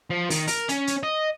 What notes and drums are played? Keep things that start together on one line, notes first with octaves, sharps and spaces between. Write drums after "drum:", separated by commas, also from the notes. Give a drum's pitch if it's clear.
F3
D#3, drum: open hi-hat
A#4, drum: open hi-hat
C#4, drum: hi-hat
drum: hi-hat
D#5